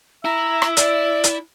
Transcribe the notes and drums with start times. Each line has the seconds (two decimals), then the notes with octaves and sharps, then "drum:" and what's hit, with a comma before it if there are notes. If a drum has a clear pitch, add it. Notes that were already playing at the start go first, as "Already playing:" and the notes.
0.25 E4 E5 A#5
0.62 drum: rim click
0.77 D5, drum: hi-hat
1.24 drum: hi-hat